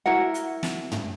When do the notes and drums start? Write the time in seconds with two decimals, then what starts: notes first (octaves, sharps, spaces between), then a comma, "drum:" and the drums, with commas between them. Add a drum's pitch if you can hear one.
0.06 E4 F#4 A#4 F#5
0.34 drum: hi-hat
0.63 drum: snare
0.92 drum: tom